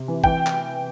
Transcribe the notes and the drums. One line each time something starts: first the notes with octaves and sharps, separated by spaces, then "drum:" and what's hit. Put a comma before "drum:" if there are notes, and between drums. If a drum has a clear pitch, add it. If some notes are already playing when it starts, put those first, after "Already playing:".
Already playing: C3
E3
E3 G5, drum: kick G#1
drum: clap